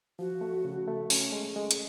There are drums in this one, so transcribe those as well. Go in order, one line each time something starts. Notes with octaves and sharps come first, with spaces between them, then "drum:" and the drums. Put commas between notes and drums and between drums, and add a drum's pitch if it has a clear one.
F3 F#4
A3
C#3
A3
C#4, drum: open hi-hat
G#3
G#3
drum: hi-hat